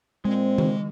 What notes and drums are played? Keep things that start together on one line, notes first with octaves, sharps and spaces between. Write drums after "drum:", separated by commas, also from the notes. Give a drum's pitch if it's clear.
A#2 G#3 C4
drum: tom D#3